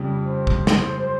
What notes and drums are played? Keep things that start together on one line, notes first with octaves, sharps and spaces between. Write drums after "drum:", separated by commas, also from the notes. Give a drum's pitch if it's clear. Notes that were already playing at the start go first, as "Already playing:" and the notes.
Already playing: F2 C#3 G3
C5
drum: kick
drum: snare